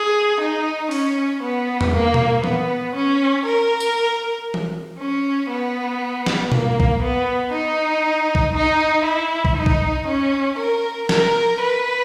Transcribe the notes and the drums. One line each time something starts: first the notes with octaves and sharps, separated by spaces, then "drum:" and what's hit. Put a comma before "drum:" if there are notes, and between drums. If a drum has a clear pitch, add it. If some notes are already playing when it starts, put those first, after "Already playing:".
Already playing: G#4
D#4
C#4, drum: open hi-hat
B3
drum: tom E2
A#3
drum: tom A#2
B3, drum: tom E3
C#4
A#4
drum: tambourine
drum: tom E3
C#4
B3
drum: snare
A#3, drum: tom A#2
drum: kick
B3
D#4
drum: kick
D#4
E4
drum: kick
D#4
drum: kick
C#4
A#4
A#4, drum: snare
B4